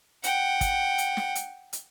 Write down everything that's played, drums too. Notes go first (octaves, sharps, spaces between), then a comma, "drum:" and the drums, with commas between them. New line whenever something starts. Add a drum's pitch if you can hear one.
F#5 G5, drum: hi-hat
drum: kick, hi-hat
drum: hi-hat
drum: snare
drum: hi-hat
drum: hi-hat